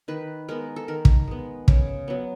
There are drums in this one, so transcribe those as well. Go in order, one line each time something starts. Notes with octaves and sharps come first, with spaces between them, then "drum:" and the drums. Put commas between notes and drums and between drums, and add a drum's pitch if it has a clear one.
D#3 B4
G#3 B3 A#4
A4
D#3 A#4
drum: kick
G#3 B3
C#3, drum: kick
F#3 B3